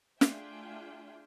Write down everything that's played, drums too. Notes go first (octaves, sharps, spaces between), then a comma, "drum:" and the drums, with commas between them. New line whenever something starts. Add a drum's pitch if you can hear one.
A3 D4 F4 G#4 E5 G5, drum: snare